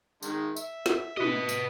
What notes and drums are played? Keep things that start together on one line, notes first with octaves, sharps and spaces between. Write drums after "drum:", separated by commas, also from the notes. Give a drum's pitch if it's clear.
D#3 G#3, drum: tambourine
E5, drum: tambourine
drum: snare
B4 D#5, drum: tom
drum: tambourine